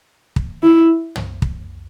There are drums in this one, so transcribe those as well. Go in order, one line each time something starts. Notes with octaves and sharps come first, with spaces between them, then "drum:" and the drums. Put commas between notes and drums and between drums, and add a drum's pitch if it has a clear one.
drum: kick
E4
drum: tom
drum: kick